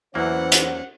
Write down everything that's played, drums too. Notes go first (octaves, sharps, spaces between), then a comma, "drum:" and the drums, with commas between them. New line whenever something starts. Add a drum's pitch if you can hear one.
E2 E3 F#3 A#3 C#4 C5 F#5
drum: hi-hat